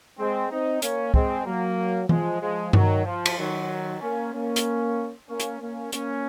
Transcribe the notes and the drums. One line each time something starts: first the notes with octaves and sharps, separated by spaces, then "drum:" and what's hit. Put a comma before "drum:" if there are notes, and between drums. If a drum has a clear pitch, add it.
G#3 C4
C4 D#4
A#3 C#4, drum: hi-hat
G#3 C4, drum: kick
F#3 A#3
F3 G#3, drum: tom E3
F3 G#3
D#3 F#3, drum: tom G2
F3
drum: cymbal
D#3 F#3
A#3 C#4
A#3 C#4
drum: hi-hat
A#3 C#4
drum: hi-hat
A#3 C#4
A#3 C#4, drum: hi-hat